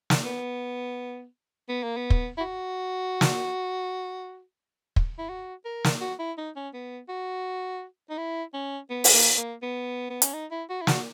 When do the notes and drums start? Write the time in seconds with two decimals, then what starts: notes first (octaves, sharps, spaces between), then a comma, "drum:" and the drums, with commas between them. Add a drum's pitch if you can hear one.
0.10 drum: snare
0.25 B3
1.69 B3
1.83 A#3
1.96 B3
2.10 drum: kick
2.37 E4
2.41 F#4
3.21 drum: snare
4.96 drum: kick
5.18 E4
5.29 F#4
5.65 A#4
5.84 drum: snare
6.01 F#4
6.19 E4
6.37 D#4
6.56 C#4
6.74 B3
7.09 F#4
8.10 D#4
8.18 E4
8.53 C#4
8.90 B3
9.04 drum: open hi-hat
9.13 A#3
9.37 A#3
9.62 B3
10.10 B3
10.22 C#4, drum: hi-hat
10.33 D#4
10.51 E4
10.69 F#4
10.81 E4
10.87 F#4, drum: snare